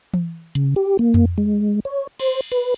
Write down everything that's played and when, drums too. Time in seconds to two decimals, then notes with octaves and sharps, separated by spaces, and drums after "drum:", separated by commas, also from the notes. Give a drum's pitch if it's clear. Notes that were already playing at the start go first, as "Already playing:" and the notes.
0.14 drum: tom E3
0.55 C#3, drum: hi-hat
0.76 G4
0.99 A#3
1.14 drum: tom F2
1.38 G#3
1.85 C#5
2.19 C5, drum: cymbal
2.52 B4, drum: hi-hat